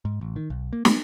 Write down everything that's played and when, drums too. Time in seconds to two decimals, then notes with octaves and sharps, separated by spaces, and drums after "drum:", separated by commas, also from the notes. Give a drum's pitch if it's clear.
0.05 G#2
0.21 A1
0.36 D#3
0.50 B1
0.73 A#3
0.85 B3, drum: snare